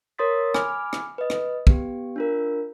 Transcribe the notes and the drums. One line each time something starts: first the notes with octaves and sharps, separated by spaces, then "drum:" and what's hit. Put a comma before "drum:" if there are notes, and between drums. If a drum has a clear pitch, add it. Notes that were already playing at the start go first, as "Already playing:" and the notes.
A#4 C#5 C6 D#6 A6 B6
G#5 B5 D6 F6, drum: rim click
drum: rim click
B4 D#5
drum: rim click
B3 G4, drum: kick
D4 F4 A#4